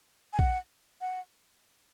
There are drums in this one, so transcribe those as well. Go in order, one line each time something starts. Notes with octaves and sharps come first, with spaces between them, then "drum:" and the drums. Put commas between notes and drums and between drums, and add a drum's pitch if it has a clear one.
G#5
F#5, drum: kick A#1
F#5